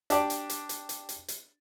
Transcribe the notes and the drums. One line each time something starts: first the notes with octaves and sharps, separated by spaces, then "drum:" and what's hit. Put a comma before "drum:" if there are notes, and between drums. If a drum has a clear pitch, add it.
D4 G4 D5, drum: hi-hat
drum: hi-hat
drum: hi-hat
drum: hi-hat
drum: hi-hat
drum: hi-hat
drum: hi-hat